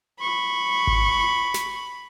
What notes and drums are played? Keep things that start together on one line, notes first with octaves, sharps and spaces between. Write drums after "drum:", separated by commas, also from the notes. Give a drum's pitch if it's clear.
B5 C#6
drum: kick G#1
drum: snare